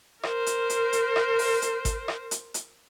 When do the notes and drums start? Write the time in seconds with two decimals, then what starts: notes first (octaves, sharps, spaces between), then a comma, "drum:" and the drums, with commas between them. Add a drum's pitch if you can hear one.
0.23 A#4 C5, drum: rim click
0.46 drum: hi-hat
0.70 drum: hi-hat
0.93 drum: hi-hat
1.16 drum: rim click
1.39 drum: open hi-hat
1.62 drum: hi-hat
1.85 drum: kick G#1, hi-hat
2.08 drum: rim click
2.31 drum: hi-hat
2.54 drum: hi-hat